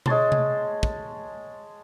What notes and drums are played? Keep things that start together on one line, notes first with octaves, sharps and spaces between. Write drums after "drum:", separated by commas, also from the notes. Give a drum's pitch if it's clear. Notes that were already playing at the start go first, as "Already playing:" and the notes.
G#3 C#5 A5 C6, drum: tom B2
drum: tom C3
drum: kick